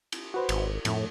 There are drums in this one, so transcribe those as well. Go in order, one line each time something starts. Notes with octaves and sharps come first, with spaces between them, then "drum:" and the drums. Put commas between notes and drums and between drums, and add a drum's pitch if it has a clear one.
drum: cymbal
F#4 B4 C5
G#1, drum: cymbal
F2 A2 A3, drum: cymbal